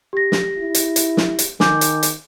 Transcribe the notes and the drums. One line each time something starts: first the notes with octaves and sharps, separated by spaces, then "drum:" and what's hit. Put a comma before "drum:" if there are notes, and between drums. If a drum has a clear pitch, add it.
G4 A#6
drum: snare
E4
drum: hi-hat
drum: hi-hat
drum: snare
drum: hi-hat
D#3 G#5 D6 G6, drum: snare
drum: hi-hat
drum: hi-hat